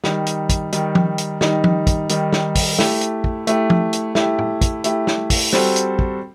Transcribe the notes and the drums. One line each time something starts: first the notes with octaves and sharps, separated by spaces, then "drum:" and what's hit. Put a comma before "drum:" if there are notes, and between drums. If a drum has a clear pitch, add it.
D#3 G3 D#4, drum: snare
drum: hi-hat
drum: kick, hi-hat
D#3 G3 D#4, drum: hi-hat
drum: tom F3
drum: hi-hat
D#3 G3 D#4, drum: snare
drum: tom F3
drum: kick, hi-hat
D#3 G3 D#4, drum: hi-hat
drum: snare
drum: kick, open hi-hat
A3 E4 G4, drum: snare
drum: hi-hat
drum: kick
A3 E4 G4, drum: hi-hat
drum: tom F3
drum: hi-hat
A3 E4 G4, drum: snare
drum: tom
drum: kick, hi-hat
A3 E4 G4, drum: hi-hat
drum: snare
drum: kick, open hi-hat
G3 C4 F#4 A4 C5, drum: snare
drum: hi-hat
drum: kick